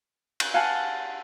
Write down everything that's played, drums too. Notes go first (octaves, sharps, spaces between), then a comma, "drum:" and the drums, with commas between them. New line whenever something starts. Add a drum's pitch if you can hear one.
drum: cymbal
F5 F#5 G#5 A5